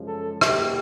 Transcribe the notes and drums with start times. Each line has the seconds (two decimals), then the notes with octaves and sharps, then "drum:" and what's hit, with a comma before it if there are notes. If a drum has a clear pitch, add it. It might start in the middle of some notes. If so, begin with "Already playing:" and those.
Already playing: F#2 C#3 F3 G#3
0.08 A4
0.41 E2 B2 F#3 A#3 G4, drum: rim click